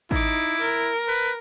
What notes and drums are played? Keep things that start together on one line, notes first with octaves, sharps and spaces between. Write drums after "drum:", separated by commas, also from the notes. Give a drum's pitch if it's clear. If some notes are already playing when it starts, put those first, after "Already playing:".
D#4 E4 D6, drum: kick
A#4
B4